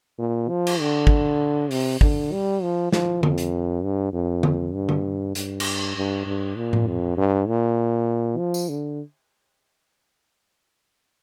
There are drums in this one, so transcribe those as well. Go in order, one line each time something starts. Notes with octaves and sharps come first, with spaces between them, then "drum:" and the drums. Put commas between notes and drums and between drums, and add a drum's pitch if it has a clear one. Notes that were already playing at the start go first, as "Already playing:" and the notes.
A#2
F3
drum: cymbal
D3
drum: kick
C3, drum: open hi-hat
D3, drum: kick
G3
F3
F3, drum: snare
F2, drum: tom D3
drum: hi-hat
G2
F2
drum: tom D3
G2
drum: tom D3
G2, drum: hi-hat
drum: cymbal
G2
G2
A#2
drum: tom A2
F2
G2
A#2
F3
drum: tambourine
D3